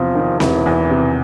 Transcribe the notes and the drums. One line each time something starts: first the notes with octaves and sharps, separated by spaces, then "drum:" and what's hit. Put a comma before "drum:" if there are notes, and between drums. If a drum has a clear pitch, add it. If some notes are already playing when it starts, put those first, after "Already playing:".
Already playing: E2 C3 F3
D#3
E1 E3, drum: snare C4
E2
C3